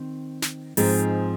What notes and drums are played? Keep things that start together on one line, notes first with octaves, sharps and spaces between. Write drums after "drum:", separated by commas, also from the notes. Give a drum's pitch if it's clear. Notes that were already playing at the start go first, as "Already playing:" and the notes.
Already playing: D#3 C4
drum: snare
G#2 F3 C4 D#4 G#4, drum: open hi-hat